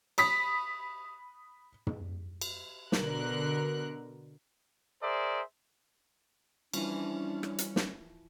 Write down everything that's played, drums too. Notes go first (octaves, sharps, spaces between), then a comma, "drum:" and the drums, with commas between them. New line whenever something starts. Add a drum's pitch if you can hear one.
B5 D#6 B6, drum: cymbal
drum: tom
drum: cymbal
B2 D3 A#4 F#6, drum: snare
G#4 A#4 C5 D5 E5
E3 F3 G3 C#4 D4, drum: cymbal
drum: rim click
drum: hi-hat
drum: snare